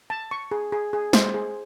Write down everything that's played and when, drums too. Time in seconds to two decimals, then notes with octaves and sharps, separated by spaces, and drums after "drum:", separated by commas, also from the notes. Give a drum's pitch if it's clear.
0.10 A5
0.31 C#6
0.51 G#4
0.72 G#4
0.93 G#4
1.13 C5, drum: snare
1.34 G#4